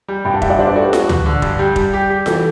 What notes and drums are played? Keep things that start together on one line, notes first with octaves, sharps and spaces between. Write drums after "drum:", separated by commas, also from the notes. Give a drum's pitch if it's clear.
G3
G2 G5 B5
F#5 A5
G2 E5 G5, drum: kick F1
D5 F#5
D4 C5 E5
B4 D5
F#4 A4 C5
G4 B4
F#4, drum: snare F4
F#4, drum: tom D2
D3
G2, drum: kick F1
G3 G4
G3, drum: kick F1
G4
G4
E3 F#4 A4, drum: snare F4